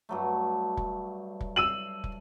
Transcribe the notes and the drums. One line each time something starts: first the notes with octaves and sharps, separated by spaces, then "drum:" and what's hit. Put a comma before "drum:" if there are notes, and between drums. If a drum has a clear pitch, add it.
G2 F#3 A3
drum: kick
drum: kick
E6 D#7 F#7
drum: kick